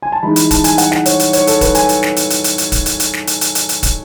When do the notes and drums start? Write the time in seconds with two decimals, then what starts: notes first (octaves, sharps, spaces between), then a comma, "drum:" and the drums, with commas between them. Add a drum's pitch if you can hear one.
0.02 G#5
0.12 A5
0.23 E3 G#3 D#4 B5
0.36 B5, drum: hi-hat
0.51 A5, drum: kick, hi-hat
0.64 G#5, drum: hi-hat
0.78 F#5, drum: hi-hat
0.92 F#5, drum: snare
1.06 C#5, drum: hi-hat
1.19 drum: hi-hat
1.33 C#5, drum: hi-hat
1.47 A4, drum: hi-hat
1.61 B4, drum: kick, hi-hat
1.75 G#5, drum: hi-hat
1.89 drum: hi-hat
2.03 drum: snare
2.16 drum: hi-hat
2.30 drum: hi-hat
2.44 drum: hi-hat
2.58 drum: hi-hat
2.72 drum: kick, hi-hat
2.86 drum: hi-hat
3.00 drum: hi-hat
3.13 drum: snare
3.27 drum: hi-hat
3.41 drum: hi-hat
3.55 drum: hi-hat
3.69 drum: hi-hat
3.83 drum: kick, hi-hat